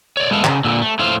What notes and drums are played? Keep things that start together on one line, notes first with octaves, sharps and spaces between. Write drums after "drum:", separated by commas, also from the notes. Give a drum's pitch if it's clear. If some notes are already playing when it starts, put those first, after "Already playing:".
C#5 D5
G#3 B3 E4 A4 F5
C#3 E3, drum: clap
A#2 D3
A3
A2 E4 C5 F5